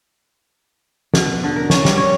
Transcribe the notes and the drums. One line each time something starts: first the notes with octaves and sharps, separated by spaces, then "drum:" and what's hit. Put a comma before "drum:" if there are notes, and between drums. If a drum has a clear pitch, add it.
B2, drum: snare
B4
D3
A#4
C#4, drum: snare
G3, drum: snare
C#5